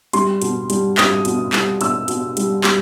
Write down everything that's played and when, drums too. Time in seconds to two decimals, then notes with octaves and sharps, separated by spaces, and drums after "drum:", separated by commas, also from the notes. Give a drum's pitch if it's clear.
0.13 G3 C6, drum: hi-hat
0.42 B2, drum: hi-hat
0.70 G3, drum: hi-hat
0.98 G3 D#6, drum: clap
1.25 B2, drum: hi-hat
1.53 G3, drum: clap
1.81 B2 E6, drum: hi-hat
2.08 B2, drum: hi-hat
2.37 G3, drum: hi-hat
2.64 G3, drum: clap